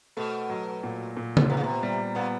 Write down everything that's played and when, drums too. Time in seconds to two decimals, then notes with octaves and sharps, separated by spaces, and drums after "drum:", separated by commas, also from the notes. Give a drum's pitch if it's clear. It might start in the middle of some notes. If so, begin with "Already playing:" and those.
0.17 B2 A3
0.50 F#3
0.83 A#2
1.17 A#2
1.37 drum: tom C#3
1.49 C3 B3
1.57 C#3
1.64 C3
1.83 G3
2.15 A#2 B3